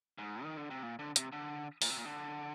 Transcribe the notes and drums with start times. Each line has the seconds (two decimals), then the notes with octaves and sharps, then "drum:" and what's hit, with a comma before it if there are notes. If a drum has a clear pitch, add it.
0.18 G#2
0.43 D#3
0.57 D3
0.71 C3
0.83 A#2
0.99 D3
1.16 C3, drum: hi-hat
1.33 D3
1.82 A#2, drum: open hi-hat
1.90 C3
1.98 A#2
2.05 D3